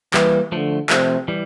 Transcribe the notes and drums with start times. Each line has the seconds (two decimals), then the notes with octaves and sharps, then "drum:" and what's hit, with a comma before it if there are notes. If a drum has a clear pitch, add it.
0.14 E3 G3 A#3, drum: clap
0.52 D3 F3 A3
0.90 C3 F3 A3, drum: clap
1.28 E3 G3